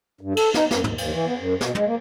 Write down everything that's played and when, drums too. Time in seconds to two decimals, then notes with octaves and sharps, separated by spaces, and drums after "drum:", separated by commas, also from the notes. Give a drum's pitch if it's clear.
0.21 G2
0.37 A4, drum: cymbal
0.54 D#4, drum: snare
0.71 F#2, drum: snare
0.84 D#2, drum: tom
0.98 D#2, drum: cymbal
1.12 E3
1.25 B3
1.37 F#2
1.61 B2, drum: snare
1.75 G#3, drum: tom
1.87 A#3